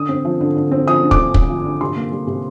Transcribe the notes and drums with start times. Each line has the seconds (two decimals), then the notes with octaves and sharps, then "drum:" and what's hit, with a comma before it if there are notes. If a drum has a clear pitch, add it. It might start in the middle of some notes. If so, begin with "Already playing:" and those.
Already playing: D3 D#6
0.09 C4
0.25 F3
0.41 D3
0.56 D3
0.71 C4
0.88 F3 D#6
1.03 D3
1.11 D6, drum: kick
1.18 D3
1.34 C4, drum: kick
1.50 F3
1.65 D3
1.81 C3 C6
1.96 A#3
2.12 G3
2.27 C3